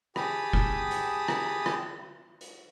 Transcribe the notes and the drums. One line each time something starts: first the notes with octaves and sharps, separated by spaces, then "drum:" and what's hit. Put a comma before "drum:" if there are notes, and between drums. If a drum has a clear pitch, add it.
G4 G#4 A5 B5 D#6, drum: rim click
drum: kick
drum: hi-hat
drum: rim click
drum: rim click
drum: hi-hat